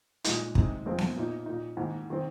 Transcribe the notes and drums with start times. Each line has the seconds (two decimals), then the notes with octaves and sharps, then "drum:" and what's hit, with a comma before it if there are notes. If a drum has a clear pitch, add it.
0.24 A#2 G#3 D#4, drum: hi-hat
0.55 C3 G#3 D#4, drum: kick
0.86 F2 C3 G#3 C4
0.98 drum: snare B3
1.16 A#2 A#3 D#4
1.46 A#2 A#3 D#4
1.77 G#2 D#3 A#3
2.10 D#3 C4